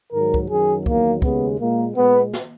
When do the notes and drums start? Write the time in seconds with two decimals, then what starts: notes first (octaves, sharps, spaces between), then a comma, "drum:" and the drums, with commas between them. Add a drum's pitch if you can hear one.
0.13 G#2 D#3 F#3 A#4
0.34 drum: kick
0.49 F#2 D#3 F#3 G#4
0.86 E2 D#3 F#3 A#3, drum: kick
1.22 D#2 C#3 G#3 B3, drum: kick
1.59 A#2 G#3 A#3
1.95 A#2 G#3 B3
2.33 drum: snare